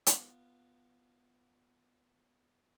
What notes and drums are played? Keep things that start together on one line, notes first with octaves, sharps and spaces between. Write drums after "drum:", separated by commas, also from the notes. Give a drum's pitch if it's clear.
B3 F4, drum: hi-hat